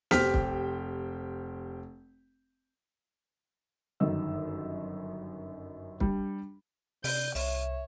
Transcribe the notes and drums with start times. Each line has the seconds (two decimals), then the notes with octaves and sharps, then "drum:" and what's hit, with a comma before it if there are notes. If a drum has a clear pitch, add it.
0.11 F1 G4 C5 G5 F6 B6, drum: snare
0.34 drum: kick
4.00 G1 F#2 D#3 D#5 E6
6.00 G3 D4, drum: kick
7.04 C3 D5 G6, drum: open hi-hat
7.35 C2 C#5 E5, drum: open hi-hat